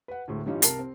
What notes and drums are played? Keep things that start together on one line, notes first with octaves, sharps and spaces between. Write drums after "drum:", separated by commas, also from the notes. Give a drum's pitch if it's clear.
B4 F#5
D2 A2 G#3
G2 E3 G3 C#4 D#4 F4
C2 A#4 A5 C7, drum: hi-hat
C4